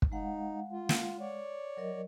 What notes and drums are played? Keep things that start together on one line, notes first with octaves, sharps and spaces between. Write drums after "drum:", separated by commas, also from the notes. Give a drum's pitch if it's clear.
drum: kick
G#3 D#4 F5 F#5
F4
drum: snare
C#5 D5
F#3 A#4 D#5